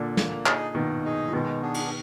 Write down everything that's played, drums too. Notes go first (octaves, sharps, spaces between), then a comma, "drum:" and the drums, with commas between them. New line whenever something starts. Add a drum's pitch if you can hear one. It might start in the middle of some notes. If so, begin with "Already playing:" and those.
Already playing: A#2 D3
A#3, drum: snare
D#4 G#4 D#5, drum: clap
B2 D#3 A#3
D#4 G#4 D#5
F3
B2 D#3 G#3
B3 D4 G#4
drum: cymbal